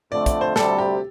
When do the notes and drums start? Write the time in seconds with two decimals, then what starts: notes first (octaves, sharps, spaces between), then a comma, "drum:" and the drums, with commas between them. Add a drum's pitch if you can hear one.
0.12 F2 D3 A3 D5
0.26 D5, drum: kick, hi-hat
0.41 C5
0.56 D2 C3 G3 A4, drum: snare
0.78 G4